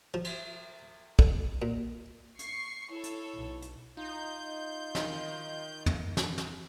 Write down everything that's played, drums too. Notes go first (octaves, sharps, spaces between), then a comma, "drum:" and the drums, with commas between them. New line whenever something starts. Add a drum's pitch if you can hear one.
F3
drum: cymbal
D3, drum: kick
A#2
C#6 C7 C#7, drum: hi-hat
E4 A4 C#5
drum: hi-hat
B1
drum: hi-hat
D#4 F4 G6
D#3 D#5, drum: snare
drum: tom
drum: snare
drum: snare